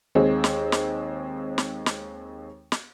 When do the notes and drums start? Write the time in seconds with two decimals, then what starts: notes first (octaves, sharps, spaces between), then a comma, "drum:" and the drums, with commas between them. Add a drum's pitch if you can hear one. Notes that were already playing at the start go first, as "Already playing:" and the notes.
0.15 D#2 G#3 C4 G#4
0.44 drum: snare
0.72 drum: snare
1.58 drum: snare
1.86 drum: snare
2.72 drum: snare